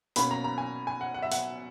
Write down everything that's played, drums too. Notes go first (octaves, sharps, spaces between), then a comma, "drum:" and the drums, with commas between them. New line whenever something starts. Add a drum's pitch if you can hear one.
B2 A#3 C#4 B5, drum: hi-hat
A#5
A#5
G#5
G#5
F#5
F#5
E5
F#5, drum: hi-hat